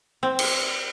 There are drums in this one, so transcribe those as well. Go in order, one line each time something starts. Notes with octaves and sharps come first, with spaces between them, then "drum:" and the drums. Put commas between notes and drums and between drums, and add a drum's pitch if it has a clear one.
C4
drum: cymbal